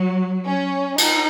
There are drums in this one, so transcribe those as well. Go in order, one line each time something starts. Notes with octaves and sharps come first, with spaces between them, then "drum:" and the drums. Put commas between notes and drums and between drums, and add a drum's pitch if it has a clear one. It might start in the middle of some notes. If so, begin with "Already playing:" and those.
Already playing: F#3
C#4
D#4, drum: cymbal